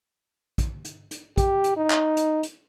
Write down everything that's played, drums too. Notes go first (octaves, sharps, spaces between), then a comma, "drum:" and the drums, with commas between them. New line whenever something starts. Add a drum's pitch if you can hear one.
drum: kick, hi-hat
drum: hi-hat
drum: hi-hat
G4, drum: kick, hi-hat
drum: hi-hat
D#4
drum: clap
drum: hi-hat
drum: hi-hat